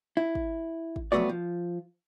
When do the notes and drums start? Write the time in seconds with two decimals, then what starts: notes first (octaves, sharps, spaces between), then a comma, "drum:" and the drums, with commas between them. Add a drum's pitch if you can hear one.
0.17 E4
0.35 drum: kick
0.96 drum: kick
1.12 F2 F#3 A3 B3 F#4 D5
1.29 F3